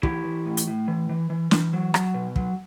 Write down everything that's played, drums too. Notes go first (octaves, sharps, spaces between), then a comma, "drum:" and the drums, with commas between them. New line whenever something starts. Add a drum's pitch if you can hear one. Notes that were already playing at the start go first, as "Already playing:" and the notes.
E3 E4 G4, drum: kick
E3
A2
drum: hi-hat
A2
E3
E3
E3
E3, drum: snare
F#3
F#3, drum: rim click
B2
F#3, drum: kick